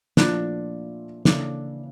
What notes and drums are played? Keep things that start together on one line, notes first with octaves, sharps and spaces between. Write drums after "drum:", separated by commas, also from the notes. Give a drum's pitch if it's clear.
A#2 F3 A3 D4 E4, drum: snare
C#3 E3 A#3 D4 E4 A4, drum: snare